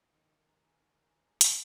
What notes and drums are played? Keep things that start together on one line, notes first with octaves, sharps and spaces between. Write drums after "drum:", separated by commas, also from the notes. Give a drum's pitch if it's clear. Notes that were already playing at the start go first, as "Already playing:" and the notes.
D#3
G#5 A#5
A4, drum: hi-hat